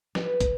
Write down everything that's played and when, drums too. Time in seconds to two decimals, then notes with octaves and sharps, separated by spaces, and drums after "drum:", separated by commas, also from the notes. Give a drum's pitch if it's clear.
0.15 B4, drum: snare
0.41 drum: kick, hi-hat